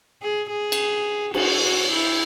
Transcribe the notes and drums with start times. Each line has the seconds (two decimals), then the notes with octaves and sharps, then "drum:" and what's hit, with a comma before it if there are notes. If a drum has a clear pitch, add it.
0.22 G#4
0.49 G#4
0.72 drum: cymbal
1.34 F#4, drum: cymbal
1.62 F#4
1.91 E4